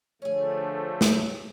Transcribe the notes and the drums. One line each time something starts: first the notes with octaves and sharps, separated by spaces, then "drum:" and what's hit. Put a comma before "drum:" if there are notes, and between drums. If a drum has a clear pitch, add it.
D3 F3 A3 C#4 G#4
drum: snare